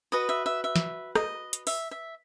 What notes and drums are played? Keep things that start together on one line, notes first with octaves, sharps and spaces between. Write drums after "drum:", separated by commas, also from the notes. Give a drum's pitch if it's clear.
F#4 B4 D#5 D#6
E5
E5
E5
drum: snare
D#5, drum: rim click
drum: hi-hat
E5, drum: open hi-hat
E5